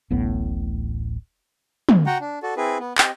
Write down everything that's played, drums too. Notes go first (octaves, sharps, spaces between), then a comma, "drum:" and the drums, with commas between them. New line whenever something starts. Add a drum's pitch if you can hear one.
D1 A1 A2 B3
drum: tom
F#4 F#5 G5 A#5
D4
F#4 A4 D5
C4 E4 G#4 B4
B3
C4 G4 D#5, drum: clap